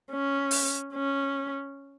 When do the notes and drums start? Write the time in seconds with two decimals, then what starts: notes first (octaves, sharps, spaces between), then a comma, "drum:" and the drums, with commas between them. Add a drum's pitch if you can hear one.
0.12 C#4
0.51 drum: open hi-hat
0.93 C#4